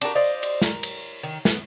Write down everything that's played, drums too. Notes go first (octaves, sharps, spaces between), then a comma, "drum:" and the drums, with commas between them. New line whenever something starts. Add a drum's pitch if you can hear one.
D4 F#4 G4 A#4, drum: cymbal
C5 D5 D#5 F5
drum: cymbal
A#4, drum: snare
drum: cymbal
D#3
B3, drum: snare